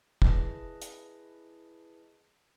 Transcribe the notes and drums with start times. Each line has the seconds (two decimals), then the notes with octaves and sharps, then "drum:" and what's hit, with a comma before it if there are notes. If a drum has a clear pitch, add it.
0.22 E4 G#4 B4 D#5 A5, drum: kick
0.82 drum: hi-hat